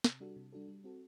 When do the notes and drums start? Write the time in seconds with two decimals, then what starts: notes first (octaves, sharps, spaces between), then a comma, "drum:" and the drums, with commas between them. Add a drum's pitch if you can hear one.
0.04 C3, drum: snare
0.20 G3 D4 F#4 A4
0.36 C3
0.53 G3 D4 F#4 A4
0.68 G3
0.84 C4 F#4 A4